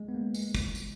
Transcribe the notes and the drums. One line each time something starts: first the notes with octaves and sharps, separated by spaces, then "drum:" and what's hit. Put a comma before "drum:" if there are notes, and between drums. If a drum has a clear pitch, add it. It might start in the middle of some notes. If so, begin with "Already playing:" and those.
Already playing: G#3
B3
A#3
G#3, drum: tambourine
drum: kick, tambourine
drum: tambourine